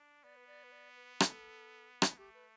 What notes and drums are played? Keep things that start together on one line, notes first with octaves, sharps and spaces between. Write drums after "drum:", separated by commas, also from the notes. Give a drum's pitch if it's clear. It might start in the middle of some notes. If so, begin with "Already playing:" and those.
Already playing: D4
B3 D5
B4
D5
B4
D5
B4
A4, drum: rim click
drum: rim click
A3 G4
B4